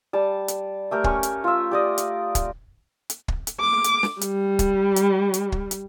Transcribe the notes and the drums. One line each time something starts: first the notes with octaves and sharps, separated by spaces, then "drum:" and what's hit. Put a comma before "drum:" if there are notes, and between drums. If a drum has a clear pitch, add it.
G3 A5
drum: hi-hat
A3 G4 A#4
C#4 C#6, drum: kick
drum: hi-hat
F4 E5
G4 D5 D#5
drum: hi-hat
drum: kick, hi-hat
drum: hi-hat
drum: kick
drum: hi-hat
D6
drum: hi-hat
drum: snare
G3, drum: hi-hat
drum: kick, hi-hat
drum: hi-hat
drum: hi-hat
drum: kick
drum: hi-hat